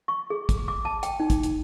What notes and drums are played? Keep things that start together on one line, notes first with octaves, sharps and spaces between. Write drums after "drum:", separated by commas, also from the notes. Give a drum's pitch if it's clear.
C#6
G#4
drum: kick, hi-hat
D6
A5
G5, drum: hi-hat
D#4
drum: kick, hi-hat
drum: hi-hat